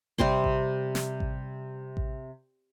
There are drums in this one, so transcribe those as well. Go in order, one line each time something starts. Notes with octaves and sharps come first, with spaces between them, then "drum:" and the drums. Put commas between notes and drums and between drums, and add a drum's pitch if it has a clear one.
C3 G3 C4 C6, drum: kick A1
drum: kick A1
drum: snare
drum: kick A1
drum: kick A1